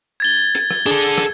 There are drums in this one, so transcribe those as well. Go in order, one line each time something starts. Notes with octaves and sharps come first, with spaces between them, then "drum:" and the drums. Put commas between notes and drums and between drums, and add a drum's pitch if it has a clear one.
G#6 A6 G7
drum: hi-hat
drum: rim click
D4 G#4 A4, drum: hi-hat
drum: rim click